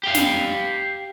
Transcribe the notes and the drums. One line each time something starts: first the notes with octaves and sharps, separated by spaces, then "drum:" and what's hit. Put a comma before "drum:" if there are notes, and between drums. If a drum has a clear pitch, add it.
G4 F5
drum: snare